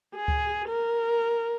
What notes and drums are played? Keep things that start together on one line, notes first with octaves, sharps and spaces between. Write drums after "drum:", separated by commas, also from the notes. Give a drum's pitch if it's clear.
G#4
drum: kick C#2
A#4